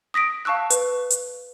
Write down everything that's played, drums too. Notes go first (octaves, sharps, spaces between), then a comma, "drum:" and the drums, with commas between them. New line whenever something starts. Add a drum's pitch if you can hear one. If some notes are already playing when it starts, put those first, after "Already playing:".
D#6 A#6 B6 D7
F5 A5 C#6 E6 F#6
B4, drum: hi-hat
drum: hi-hat